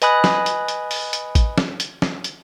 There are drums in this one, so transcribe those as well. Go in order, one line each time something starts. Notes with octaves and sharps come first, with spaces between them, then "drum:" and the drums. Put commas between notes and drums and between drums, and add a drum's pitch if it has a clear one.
B4 D#5 G#5 B5 D#6 F#6, drum: hi-hat
drum: snare
drum: hi-hat
drum: hi-hat
drum: open hi-hat
drum: hi-hat
drum: kick A1, hi-hat
drum: snare
drum: hi-hat
drum: snare
drum: hi-hat